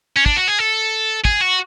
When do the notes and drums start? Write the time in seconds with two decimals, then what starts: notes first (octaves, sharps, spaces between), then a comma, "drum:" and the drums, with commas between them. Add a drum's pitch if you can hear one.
0.16 C#4
0.26 D4, drum: kick
0.36 F#4
0.48 G#4
0.59 A4
1.25 G#4, drum: kick
1.41 F#4